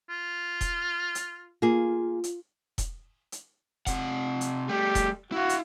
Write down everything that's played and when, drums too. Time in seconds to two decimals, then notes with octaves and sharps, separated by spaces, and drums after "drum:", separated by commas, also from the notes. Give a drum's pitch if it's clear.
0.10 F4
0.61 drum: kick E1, hi-hat
1.15 drum: hi-hat
1.62 A#3 F4 G#4
2.24 drum: hi-hat
2.78 drum: kick E1, hi-hat
3.32 drum: hi-hat
3.86 C3 F#5, drum: kick E1, hi-hat
4.41 drum: hi-hat
4.69 G3 A3 G4
4.95 drum: kick E1, hi-hat
5.32 E4 F#4 F5
5.49 drum: hi-hat